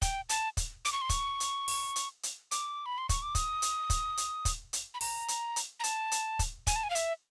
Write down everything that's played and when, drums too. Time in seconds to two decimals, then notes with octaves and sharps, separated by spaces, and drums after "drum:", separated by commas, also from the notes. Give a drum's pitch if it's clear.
0.02 G5, drum: kick, hi-hat
0.29 A5, drum: hi-hat
0.57 drum: kick, hi-hat
0.85 D6, drum: hi-hat
0.93 C#6
1.01 C6
1.09 C#6, drum: kick, hi-hat
1.40 drum: hi-hat
1.68 drum: open hi-hat
1.96 drum: hi-hat
2.23 drum: hi-hat
2.51 D6, drum: hi-hat
2.86 B5
2.98 C6
3.09 C#6, drum: kick, hi-hat
3.22 D6
3.35 D#6, drum: kick, hi-hat
3.62 drum: hi-hat
3.90 drum: kick, hi-hat
4.17 drum: hi-hat
4.45 drum: kick, hi-hat
4.73 drum: hi-hat
4.94 B5
5.01 A#5, drum: open hi-hat
5.28 drum: hi-hat
5.56 drum: hi-hat
5.80 A#5
5.84 A5, drum: hi-hat
6.12 drum: hi-hat
6.39 drum: kick, hi-hat
6.67 G#5, drum: kick, hi-hat
6.76 A5
6.83 G#5
6.90 F5
6.95 E5, drum: hi-hat